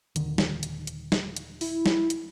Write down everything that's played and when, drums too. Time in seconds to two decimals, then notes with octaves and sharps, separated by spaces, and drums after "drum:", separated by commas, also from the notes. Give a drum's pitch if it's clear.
0.16 D#1 D3 D#3, drum: hi-hat
0.38 drum: snare
0.63 drum: hi-hat
0.87 drum: hi-hat
1.12 drum: snare
1.36 drum: hi-hat
1.61 E4, drum: open hi-hat
1.86 drum: snare
2.10 drum: hi-hat